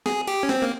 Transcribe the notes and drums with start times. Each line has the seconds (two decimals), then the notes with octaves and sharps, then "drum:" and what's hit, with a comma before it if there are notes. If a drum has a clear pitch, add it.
0.06 G#4, drum: snare
0.27 G4, drum: cymbal
0.43 C#4
0.49 C4, drum: snare
0.62 A#3